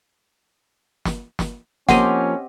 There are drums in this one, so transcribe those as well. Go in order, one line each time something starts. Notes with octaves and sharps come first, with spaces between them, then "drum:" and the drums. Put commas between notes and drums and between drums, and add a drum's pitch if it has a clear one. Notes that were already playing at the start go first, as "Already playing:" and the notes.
drum: snare
drum: snare
F3 A#3 C4 C#4 G4 D#5 F#5, drum: snare